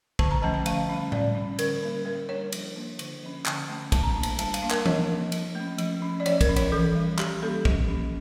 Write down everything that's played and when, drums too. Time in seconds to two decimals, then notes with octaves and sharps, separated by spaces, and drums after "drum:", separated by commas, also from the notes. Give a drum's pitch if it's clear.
0.19 D3 A5, drum: kick
0.31 A#5
0.42 F3 A3 C#4 A5
0.54 A5
0.66 D3 F5, drum: cymbal
0.89 G3 C#4
1.12 G3 D5, drum: tom A2
1.35 C#4
1.59 D3 A#4, drum: cymbal
1.83 G3 A#3 C#4
2.05 G3 A#4
2.29 D4 C#5
2.52 F3, drum: cymbal
2.76 A#3 D4
2.99 D3, drum: cymbal
3.23 F3 C#4
3.46 D3 A5, drum: clap
3.69 A3 C#4
3.92 G3 A5, drum: kick, cymbal
4.03 A#5
4.08 A5
4.16 A#3 D4
4.23 A5, drum: cymbal
4.39 G3 A5, drum: cymbal
4.54 F5, drum: cymbal
4.62 A#3 D4
4.70 A#4, drum: clap
4.86 F3 C#5, drum: tom E3
5.09 A#3 D4
5.32 F3, drum: cymbal
5.55 A3 C#4
5.78 F3, drum: cymbal
6.02 C#4
6.20 D5
6.26 F3 C#5, drum: cymbal
6.41 A#4, drum: kick, cymbal
6.49 C#4
6.56 C#5, drum: cymbal
6.72 E3 A4
6.95 G3 C#4
7.18 G3 G4, drum: clap
7.42 A#3 C#4 A4
7.65 F3, drum: kick
7.88 A#3 C#4